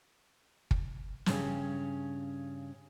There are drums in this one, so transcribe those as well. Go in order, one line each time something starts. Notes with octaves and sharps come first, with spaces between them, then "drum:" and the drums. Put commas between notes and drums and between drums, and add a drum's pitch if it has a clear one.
drum: kick
G2 C#3 C#4, drum: snare